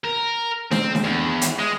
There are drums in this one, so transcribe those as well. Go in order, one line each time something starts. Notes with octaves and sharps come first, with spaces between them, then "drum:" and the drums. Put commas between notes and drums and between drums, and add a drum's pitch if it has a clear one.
A#4
C4, drum: snare D4
drum: snare D4
E2
drum: hi-hat
G#3